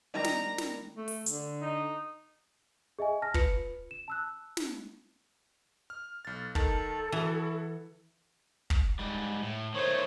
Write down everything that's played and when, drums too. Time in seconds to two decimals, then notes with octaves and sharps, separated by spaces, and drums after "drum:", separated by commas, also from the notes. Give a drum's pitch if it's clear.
0.14 D#3 G3 D#4 A#5
0.24 drum: snare
0.58 drum: snare
0.97 A3
1.08 drum: open hi-hat
1.26 D3, drum: hi-hat
1.62 D#4
2.99 G#4 D#5 E5 G#5
3.22 A5 F6 A#6
3.34 F4 B4 C#7, drum: kick
3.91 E7
4.08 A5 E6 F#6
4.57 drum: snare
5.90 F6
6.25 B1 A6
6.55 D#3 A4 A5, drum: kick
7.12 E3 E4 F#4
8.70 drum: kick
8.99 G#2 G3
9.43 A2
9.74 D#3 A3 C5 C#5